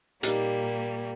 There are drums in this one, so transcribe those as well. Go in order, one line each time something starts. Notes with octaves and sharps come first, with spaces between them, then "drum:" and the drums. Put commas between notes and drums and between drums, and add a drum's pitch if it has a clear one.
A#2 G3 A#3 D#4 G4, drum: hi-hat